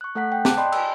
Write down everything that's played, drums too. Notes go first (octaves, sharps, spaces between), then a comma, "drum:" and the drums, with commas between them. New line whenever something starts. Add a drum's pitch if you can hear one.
C#6 F#6
A3 A4 F#5 F#6 B6
G5
A5 D6 F#6, drum: snare
D5 D#5 G5 A5 B5 C6
G#5 B5 E6, drum: cymbal